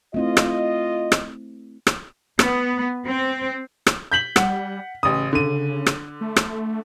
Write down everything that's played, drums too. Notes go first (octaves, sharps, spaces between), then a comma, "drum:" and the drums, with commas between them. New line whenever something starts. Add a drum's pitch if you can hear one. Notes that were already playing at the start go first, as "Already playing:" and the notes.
A3 C4 E4 F4 D#5
drum: rim click
drum: rim click
drum: rim click
B3, drum: rim click
C4
drum: rim click
G6 B6 F#7
G3 F#5, drum: rim click
A1 C#3 D#6
D3 D#7
drum: rim click
A3
drum: rim click